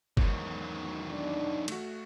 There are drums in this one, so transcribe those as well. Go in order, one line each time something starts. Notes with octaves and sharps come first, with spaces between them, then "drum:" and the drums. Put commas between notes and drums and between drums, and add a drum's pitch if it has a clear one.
E2 G#2 D#3 F#3, drum: kick G1
D4
A3 F#4, drum: cymbal